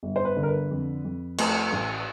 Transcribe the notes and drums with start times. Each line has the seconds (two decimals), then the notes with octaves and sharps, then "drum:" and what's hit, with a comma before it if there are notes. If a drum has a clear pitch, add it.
0.03 G1
0.16 C5
0.25 B4
0.36 D3
0.43 A#4
0.48 B4
0.71 F2
1.04 F2
1.38 A3, drum: cymbal
1.72 A1